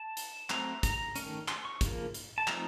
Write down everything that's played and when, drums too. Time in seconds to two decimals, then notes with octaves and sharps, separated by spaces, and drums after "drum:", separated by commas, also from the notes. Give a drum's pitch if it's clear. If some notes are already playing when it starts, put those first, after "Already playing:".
Already playing: A5
0.17 drum: hi-hat
0.50 F#3 A3 C4 A#5, drum: clap
0.83 A#5, drum: kick, hi-hat
1.16 D#3 A3 C#4, drum: hi-hat
1.48 C6, drum: clap
1.65 C#6
1.81 C#3 F3 A#3, drum: kick, hi-hat
2.14 drum: hi-hat
2.38 A5
2.47 F3 A3 C4 D#4 A#5, drum: clap